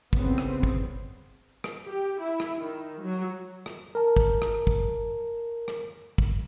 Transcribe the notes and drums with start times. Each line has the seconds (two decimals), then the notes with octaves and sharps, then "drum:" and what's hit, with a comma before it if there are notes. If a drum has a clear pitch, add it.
0.13 C2 C#3 B3 C4, drum: kick
0.38 drum: rim click
0.63 drum: kick
1.64 drum: rim click
1.88 G4
2.21 E4
2.40 drum: rim click
2.57 D#3
3.02 F#3
3.66 drum: rim click
3.95 A#4 A5
4.17 drum: kick
4.42 drum: rim click
4.67 drum: kick
5.68 drum: rim click
6.18 drum: kick